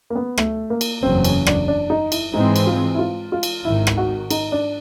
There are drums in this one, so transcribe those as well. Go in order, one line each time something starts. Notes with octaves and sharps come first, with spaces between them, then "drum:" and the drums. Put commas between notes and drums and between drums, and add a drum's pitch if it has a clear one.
A#3
B3
A3, drum: rim click
A#3
drum: cymbal
F#1 E2 C#3 F#3 C4
C#4, drum: cymbal
D4, drum: rim click
D4
D#4
E4, drum: cymbal
G#2 E3 G#3 C4 D#4
drum: cymbal
F4
E4
F4
F4
drum: cymbal
G#1 G#2 D#3 E4
drum: rim click
F#4
D#4, drum: cymbal
D4